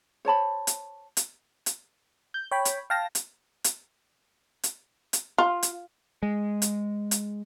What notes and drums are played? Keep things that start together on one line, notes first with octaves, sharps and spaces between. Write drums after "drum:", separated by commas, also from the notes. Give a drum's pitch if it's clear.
C5 C#5 A5 B5
drum: hi-hat
drum: hi-hat
drum: hi-hat
G6
C#5 G5 B5
drum: hi-hat
F5 G5 A5 A#6
drum: hi-hat
drum: hi-hat
drum: hi-hat
drum: hi-hat
F4
drum: hi-hat
G#3
drum: hi-hat
drum: hi-hat